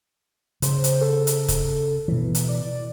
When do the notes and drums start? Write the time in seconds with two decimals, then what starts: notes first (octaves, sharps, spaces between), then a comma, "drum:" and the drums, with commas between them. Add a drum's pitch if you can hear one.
0.62 C#3 C5, drum: hi-hat
0.84 drum: hi-hat
1.01 A4
1.27 drum: hi-hat
1.48 drum: kick, hi-hat
2.08 B2 E3
2.35 drum: hi-hat
2.48 D5